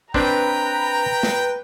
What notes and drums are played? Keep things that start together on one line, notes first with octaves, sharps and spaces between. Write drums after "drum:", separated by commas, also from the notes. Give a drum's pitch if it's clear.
C4 D4 B4 G5 A#5, drum: kick
drum: snare